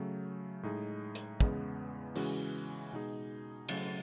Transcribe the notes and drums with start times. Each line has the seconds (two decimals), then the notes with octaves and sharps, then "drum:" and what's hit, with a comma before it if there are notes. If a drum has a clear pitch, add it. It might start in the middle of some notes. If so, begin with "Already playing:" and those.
Already playing: C#3 F#3 A3
0.63 A2 G#3 D#4 G#4
1.15 drum: hi-hat
1.40 E2 C#3 G#3 B3, drum: kick
2.16 C#3 E3 G#3 C#4 F#4, drum: open hi-hat
2.92 B2 G#3 D#4 G#4
3.69 C#3 F#3 A3, drum: cymbal